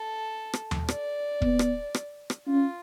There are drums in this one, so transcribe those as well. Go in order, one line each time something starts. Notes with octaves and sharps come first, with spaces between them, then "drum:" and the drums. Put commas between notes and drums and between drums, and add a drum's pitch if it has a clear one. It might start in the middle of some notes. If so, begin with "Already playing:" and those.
Already playing: A4
drum: rim click
drum: tom D#2
D5, drum: rim click
B3, drum: kick
drum: rim click
drum: rim click
drum: rim click
C#4 F4